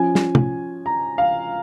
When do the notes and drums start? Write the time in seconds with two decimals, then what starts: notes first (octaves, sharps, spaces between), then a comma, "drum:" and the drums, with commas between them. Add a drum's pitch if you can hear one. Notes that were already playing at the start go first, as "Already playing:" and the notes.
Already playing: F3 C#4 G#5
0.15 drum: snare
0.35 drum: tom
0.86 A#5
1.18 F5